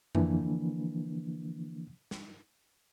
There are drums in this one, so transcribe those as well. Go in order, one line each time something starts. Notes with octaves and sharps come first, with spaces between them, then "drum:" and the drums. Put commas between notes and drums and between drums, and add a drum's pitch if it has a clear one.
D3 E3 F3 A#3 D4, drum: tom F2
drum: snare